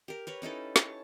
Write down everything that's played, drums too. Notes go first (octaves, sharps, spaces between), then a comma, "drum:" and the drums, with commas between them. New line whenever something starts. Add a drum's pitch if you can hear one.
G4 A#4
A#4 B4 C#5
C#4 D#4 E4 A4
C#5 A5 C#6, drum: snare